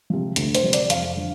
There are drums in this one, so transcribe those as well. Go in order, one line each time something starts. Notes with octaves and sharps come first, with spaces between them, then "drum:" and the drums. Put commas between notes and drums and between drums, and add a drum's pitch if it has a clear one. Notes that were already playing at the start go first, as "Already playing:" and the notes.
C3 F3
D2, drum: hi-hat
C5, drum: hi-hat
C3 F3
D5, drum: hi-hat
F2 F5, drum: hi-hat
D3 F3